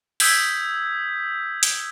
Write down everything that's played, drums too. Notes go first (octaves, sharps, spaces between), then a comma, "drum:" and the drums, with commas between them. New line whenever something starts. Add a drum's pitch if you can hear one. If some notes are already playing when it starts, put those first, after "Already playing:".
D#6 E6 G6 G#6 B6, drum: open hi-hat
drum: hi-hat